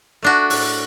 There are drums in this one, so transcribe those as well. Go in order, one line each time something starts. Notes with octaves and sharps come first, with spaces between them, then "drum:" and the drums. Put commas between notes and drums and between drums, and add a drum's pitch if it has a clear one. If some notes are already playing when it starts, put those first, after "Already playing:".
A3 D4 F#4
A2, drum: open hi-hat